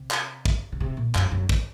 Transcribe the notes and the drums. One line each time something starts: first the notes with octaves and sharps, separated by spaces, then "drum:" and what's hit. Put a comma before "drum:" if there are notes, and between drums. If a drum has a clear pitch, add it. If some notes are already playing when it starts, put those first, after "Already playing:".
Already playing: C3
drum: clap
drum: kick
C#3
C3
A#2
F#2, drum: clap
F#2
drum: kick